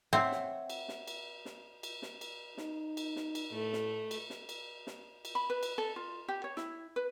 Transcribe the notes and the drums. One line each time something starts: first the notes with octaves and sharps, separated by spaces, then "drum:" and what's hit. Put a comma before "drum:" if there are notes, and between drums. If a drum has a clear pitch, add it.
C4 C#5 E5 F#5
drum: snare
drum: cymbal
drum: snare
drum: cymbal
drum: snare
drum: cymbal
drum: snare
drum: cymbal
D#4, drum: snare
drum: cymbal
drum: snare
drum: cymbal
A2 A3
drum: snare
drum: cymbal
drum: snare
drum: cymbal
drum: snare
drum: cymbal
B5
B4
drum: cymbal
A4
F4
G4
C#5
E4, drum: snare
B4